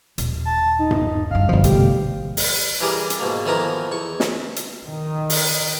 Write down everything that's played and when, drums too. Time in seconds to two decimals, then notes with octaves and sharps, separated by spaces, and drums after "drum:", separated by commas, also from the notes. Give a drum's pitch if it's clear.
0.18 D#1, drum: hi-hat
0.45 A5
0.79 D#4
0.91 drum: tom G2
1.31 F#1 G2 F5
1.49 G1 B2 F3
1.64 C3 A3 G4, drum: hi-hat
2.37 drum: open hi-hat
2.80 E3 G3 G#4 A#4 D5
3.10 drum: hi-hat
3.20 G#2 B2 A#3
3.46 F2 D#3 E3 B3 A#4 A#5
3.92 E2 C#6
4.20 drum: snare
4.56 drum: hi-hat
4.86 D#3
5.30 drum: open hi-hat